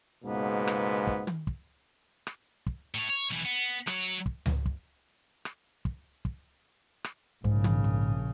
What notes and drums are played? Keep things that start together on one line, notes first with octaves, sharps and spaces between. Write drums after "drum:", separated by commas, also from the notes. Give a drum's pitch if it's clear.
C#2 G#2 B2 G#3 A#3 B3
drum: rim click
drum: kick
drum: tom
drum: kick
drum: rim click
drum: kick
A2 C#5
C#5
B1 E3
B3
F#3 C#5, drum: rim click
drum: kick
drum: tom C#2
drum: kick
drum: rim click
drum: kick
drum: kick
drum: rim click
A#1 G#2 C#3, drum: kick
drum: tom
drum: kick